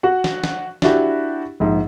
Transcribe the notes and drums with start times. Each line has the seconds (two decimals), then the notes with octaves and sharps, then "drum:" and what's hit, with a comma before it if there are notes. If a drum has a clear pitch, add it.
0.03 F#4 F#5
0.24 drum: snare
0.44 drum: snare
0.82 D4 E4 F#4 G4, drum: snare
1.60 A#1 G#2